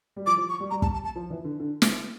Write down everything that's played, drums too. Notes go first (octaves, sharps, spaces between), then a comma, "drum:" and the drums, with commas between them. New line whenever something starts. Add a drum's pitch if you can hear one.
G3
F3 D6
F3
C#6
G3
G3 A#5
A5, drum: kick
A5
A5
F3
E3
D3
D3
C#3, drum: snare